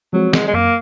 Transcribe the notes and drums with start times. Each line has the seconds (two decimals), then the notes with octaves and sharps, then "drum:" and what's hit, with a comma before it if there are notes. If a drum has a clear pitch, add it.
0.13 F3 F#3 G#3 C4 F#4
0.33 G#3, drum: snare
0.47 G#3
0.54 F#2 A#3